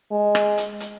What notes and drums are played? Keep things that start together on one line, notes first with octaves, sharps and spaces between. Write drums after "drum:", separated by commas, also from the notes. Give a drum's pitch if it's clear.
G#3
drum: rim click
drum: hi-hat
drum: hi-hat